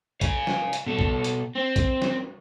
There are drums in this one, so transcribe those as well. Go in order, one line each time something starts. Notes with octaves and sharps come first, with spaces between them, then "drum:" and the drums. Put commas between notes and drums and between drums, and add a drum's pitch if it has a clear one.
F5 G#5, drum: kick, hi-hat
drum: snare
drum: hi-hat
B2 A4
drum: kick
drum: hi-hat
C4
drum: kick, hi-hat
drum: snare